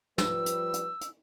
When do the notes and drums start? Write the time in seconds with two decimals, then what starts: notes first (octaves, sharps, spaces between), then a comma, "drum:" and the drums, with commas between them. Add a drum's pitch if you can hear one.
0.18 F3 G3 B4 E6, drum: snare
0.46 drum: hi-hat
0.73 drum: hi-hat
1.01 drum: hi-hat